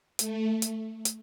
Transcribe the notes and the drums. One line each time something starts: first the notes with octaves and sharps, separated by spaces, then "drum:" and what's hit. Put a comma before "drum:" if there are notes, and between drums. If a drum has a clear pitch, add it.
A3, drum: hi-hat
drum: hi-hat
drum: hi-hat